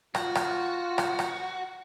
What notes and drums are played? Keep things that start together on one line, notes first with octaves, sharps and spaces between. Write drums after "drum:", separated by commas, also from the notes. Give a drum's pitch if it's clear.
F4 F#4, drum: rim click
drum: rim click
drum: rim click
drum: rim click